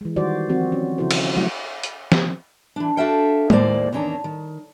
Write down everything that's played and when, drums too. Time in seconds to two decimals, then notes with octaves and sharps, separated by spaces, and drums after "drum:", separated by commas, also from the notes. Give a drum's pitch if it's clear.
0.01 E3 G#3
0.16 D#3 G3 F#4 C5 D5
0.49 F3 C4 F#4
0.72 C#4
0.98 C#3 F3 E4 F#4 A4 C5
1.11 drum: cymbal
1.37 F#3 G3 A3 E4 F#4 F#5
1.83 drum: hi-hat
2.12 drum: snare
2.76 E3 D4
2.97 D4 F#4 A4 E5 F5 G5
3.50 D#2 A2 G#3 A#3 C5 D5, drum: tom G#3
3.92 E2 D#3 C#4 D4 A#5
4.24 D#3